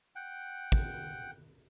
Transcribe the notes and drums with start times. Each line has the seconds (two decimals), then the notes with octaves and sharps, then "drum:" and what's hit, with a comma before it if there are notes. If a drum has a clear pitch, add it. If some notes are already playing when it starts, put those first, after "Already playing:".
0.16 F#5 G5
0.72 drum: kick